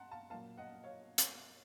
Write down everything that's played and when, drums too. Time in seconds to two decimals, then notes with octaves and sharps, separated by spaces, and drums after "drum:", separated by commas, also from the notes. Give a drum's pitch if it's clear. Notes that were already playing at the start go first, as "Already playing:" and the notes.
Already playing: F#5 A5 A#5 C6
0.11 F5 A5
0.30 A#2 F#3 A#3 F5 A5
0.58 D#5 F#5
0.84 C#5 F5
1.18 drum: hi-hat